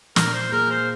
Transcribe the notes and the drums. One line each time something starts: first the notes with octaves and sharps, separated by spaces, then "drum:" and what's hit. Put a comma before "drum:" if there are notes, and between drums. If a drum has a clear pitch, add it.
A#2 A#4, drum: snare
C5
A#3 G#4 A#4
C5